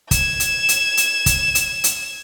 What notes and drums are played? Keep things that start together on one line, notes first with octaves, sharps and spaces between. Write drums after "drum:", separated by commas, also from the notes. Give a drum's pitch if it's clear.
G#6 E7, drum: kick, hi-hat
drum: hi-hat
drum: hi-hat
drum: hi-hat
drum: kick, hi-hat
drum: hi-hat
drum: hi-hat